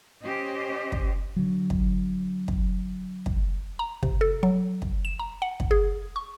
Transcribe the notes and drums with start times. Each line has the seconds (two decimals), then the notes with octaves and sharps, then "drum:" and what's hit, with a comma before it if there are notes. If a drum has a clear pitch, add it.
0.23 C#4 G4 C5 D#5
0.92 drum: kick
1.36 D3 F#3
1.70 drum: kick
2.48 drum: kick
3.26 drum: kick
3.79 A#5
4.03 C3, drum: kick
4.21 A4
4.43 F#3
4.82 drum: kick
5.05 E7
5.19 A#5
5.42 F#5
5.60 drum: kick
5.71 G#4
6.16 C#6